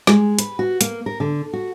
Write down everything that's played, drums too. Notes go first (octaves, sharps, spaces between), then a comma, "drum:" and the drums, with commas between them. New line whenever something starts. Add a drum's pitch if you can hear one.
G#3, drum: snare
B4, drum: hi-hat
F#4
A#3, drum: hi-hat
A#4
D3
F#4